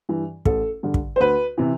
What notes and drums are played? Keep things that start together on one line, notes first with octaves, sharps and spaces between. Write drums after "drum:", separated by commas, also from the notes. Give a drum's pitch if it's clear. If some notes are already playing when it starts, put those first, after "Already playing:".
G2 E3
A1 A4, drum: kick
G2 D3
drum: kick
C5
D2 B4
C3 E3